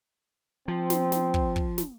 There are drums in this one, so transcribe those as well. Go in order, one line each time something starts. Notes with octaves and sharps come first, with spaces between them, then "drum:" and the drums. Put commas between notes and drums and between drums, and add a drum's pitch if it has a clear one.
F3 C4
drum: snare
drum: snare
drum: kick
drum: kick
drum: snare